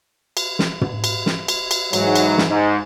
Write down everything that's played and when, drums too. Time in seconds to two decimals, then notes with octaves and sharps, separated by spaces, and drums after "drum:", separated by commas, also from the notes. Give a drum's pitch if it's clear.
0.37 drum: cymbal
0.59 drum: snare
0.81 drum: tom
1.04 drum: cymbal
1.26 drum: snare
1.48 drum: cymbal
1.71 drum: cymbal
1.93 G#2 E3 F#3, drum: cymbal
2.15 drum: cymbal
2.38 drum: snare
2.49 G#2